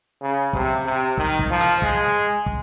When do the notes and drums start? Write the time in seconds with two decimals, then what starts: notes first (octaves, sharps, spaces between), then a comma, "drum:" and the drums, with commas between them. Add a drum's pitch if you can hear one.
0.22 C#3
0.53 C3, drum: kick
0.85 C3
1.18 D#3, drum: kick
1.39 drum: kick
1.50 F3
1.61 drum: snare
1.82 G#3, drum: kick
2.46 drum: kick